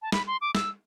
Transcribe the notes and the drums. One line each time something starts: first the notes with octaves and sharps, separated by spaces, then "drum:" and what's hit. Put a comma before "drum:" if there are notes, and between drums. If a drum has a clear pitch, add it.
A5
B5, drum: snare
C6
D6
E6, drum: snare